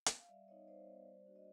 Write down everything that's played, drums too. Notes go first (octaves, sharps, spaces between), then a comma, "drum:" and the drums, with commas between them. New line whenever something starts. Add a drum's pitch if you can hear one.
drum: hi-hat
F5
G3 D5 E5
B3 D#4 C#5 D#5
G3 C5 D5
B3 D#4
G3
A#3 D4 F#4
D#5